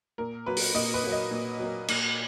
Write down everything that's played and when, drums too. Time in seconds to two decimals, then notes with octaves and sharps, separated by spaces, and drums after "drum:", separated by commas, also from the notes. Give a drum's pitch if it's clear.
0.18 A#2 A#4
0.46 F#3 A#3 B4
0.57 drum: open hi-hat
0.74 A#2 D#5
0.94 B4
1.04 F#3 A#3
1.12 D#5
1.31 A#2
1.59 F#3 A#3
1.88 A#2, drum: cymbal